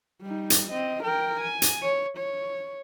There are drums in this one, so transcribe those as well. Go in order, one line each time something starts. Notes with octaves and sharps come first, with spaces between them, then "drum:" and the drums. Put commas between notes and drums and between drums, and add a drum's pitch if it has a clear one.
G3 D#4
drum: hi-hat
C4 D#5
A#4 G5
G#5
drum: hi-hat
C#5
C#5